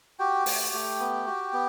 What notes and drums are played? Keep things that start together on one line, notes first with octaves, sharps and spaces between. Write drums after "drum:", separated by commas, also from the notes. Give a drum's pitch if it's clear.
F#4 G4 G5
A3, drum: open hi-hat
A3
B3
F#4
B3